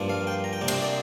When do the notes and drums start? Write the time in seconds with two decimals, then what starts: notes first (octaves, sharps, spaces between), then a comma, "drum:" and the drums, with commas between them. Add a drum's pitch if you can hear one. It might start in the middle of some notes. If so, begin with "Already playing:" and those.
Already playing: G2 F3 A#3 D4
0.09 F5
0.27 G5
0.44 A#5
0.53 G5
0.61 C3 A#3 D4
0.68 C5, drum: cymbal
0.82 D5